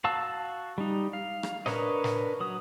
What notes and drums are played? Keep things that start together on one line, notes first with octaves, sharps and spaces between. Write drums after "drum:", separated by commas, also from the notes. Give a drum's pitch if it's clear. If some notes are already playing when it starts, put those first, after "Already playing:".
F#4 F5 A5 E6
G3 D#4
F5
drum: rim click
D4 A#4 B4 C#5 D#5, drum: snare
drum: snare
F#3 D#6